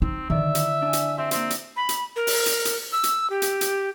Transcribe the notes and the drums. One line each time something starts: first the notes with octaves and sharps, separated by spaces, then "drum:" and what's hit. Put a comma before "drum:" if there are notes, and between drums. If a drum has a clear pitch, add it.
C4 D#4
D3 D#3 D5 E5
E4, drum: hi-hat
D4 G#5
drum: hi-hat
C4 G4 C5 E5
A#3 C4 F4, drum: hi-hat
drum: hi-hat
B5
drum: hi-hat
A#4
drum: open hi-hat
drum: hi-hat
drum: hi-hat
E6
drum: hi-hat
G4
drum: hi-hat
drum: hi-hat